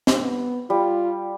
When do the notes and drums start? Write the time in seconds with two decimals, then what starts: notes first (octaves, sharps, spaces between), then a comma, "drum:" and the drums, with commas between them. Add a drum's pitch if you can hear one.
0.07 drum: snare
0.20 B3
0.70 G3 F4